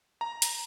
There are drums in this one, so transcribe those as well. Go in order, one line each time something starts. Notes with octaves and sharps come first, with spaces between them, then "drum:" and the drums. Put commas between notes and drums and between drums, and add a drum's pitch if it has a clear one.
A#5
drum: hi-hat